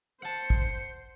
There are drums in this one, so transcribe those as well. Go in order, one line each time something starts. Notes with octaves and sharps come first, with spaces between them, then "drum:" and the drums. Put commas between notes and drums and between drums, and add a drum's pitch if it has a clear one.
C5 F#5 A5 C#7
drum: kick